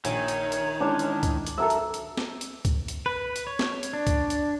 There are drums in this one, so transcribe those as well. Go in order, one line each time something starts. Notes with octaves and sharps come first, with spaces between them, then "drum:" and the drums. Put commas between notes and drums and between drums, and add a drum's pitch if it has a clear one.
A#1 D#3 C#5 G#5, drum: hi-hat
drum: hi-hat
drum: hi-hat
E3 G#3 C#4 D4
drum: hi-hat
drum: kick C#2, hi-hat
drum: hi-hat
F#3 A4 A#4 E5
drum: hi-hat
drum: hi-hat
drum: snare
drum: hi-hat
drum: kick C#2, hi-hat
drum: hi-hat
B4
drum: hi-hat
C#5
drum: snare
drum: hi-hat
D4
drum: kick C#2, hi-hat
drum: hi-hat